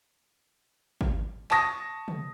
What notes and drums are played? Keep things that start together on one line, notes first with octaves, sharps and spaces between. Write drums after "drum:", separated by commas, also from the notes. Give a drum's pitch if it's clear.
drum: kick G#1
A5 C#6 D#6 A#6, drum: clap
drum: tom